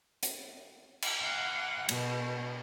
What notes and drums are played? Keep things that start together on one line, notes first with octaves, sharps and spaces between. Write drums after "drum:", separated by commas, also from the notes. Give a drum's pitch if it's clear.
drum: hi-hat
drum: cymbal
F5 F#5
B2, drum: cymbal